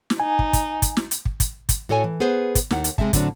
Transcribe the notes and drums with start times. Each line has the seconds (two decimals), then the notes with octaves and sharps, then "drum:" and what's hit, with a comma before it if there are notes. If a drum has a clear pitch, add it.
0.10 drum: snare
0.20 D#4 G#5
0.39 drum: kick
0.53 drum: kick, hi-hat
0.82 drum: kick, hi-hat
0.97 drum: snare
1.11 drum: hi-hat
1.25 drum: kick
1.40 drum: kick, hi-hat
1.69 drum: kick, hi-hat
1.89 A2 F#4 A4 C#5 G5 G#5
2.04 E3
2.20 B3 G#4 B4 C5
2.55 drum: kick, hi-hat
2.71 D#2 D#3 F#5, drum: snare
2.84 drum: hi-hat
2.98 C3 G#3 C4 E5 A5, drum: kick
3.13 A2 D3 F#3 C4 D4, drum: kick, hi-hat